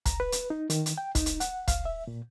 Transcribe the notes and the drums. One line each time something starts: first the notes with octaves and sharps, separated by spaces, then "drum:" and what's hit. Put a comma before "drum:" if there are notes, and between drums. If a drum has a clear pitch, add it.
A#5, drum: kick, hi-hat
B4
drum: hi-hat
D#4
D#3, drum: hi-hat
drum: hi-hat
G5
D#4, drum: kick, hi-hat
drum: hi-hat
F#5, drum: hi-hat
F5, drum: kick, hi-hat
E5
A#2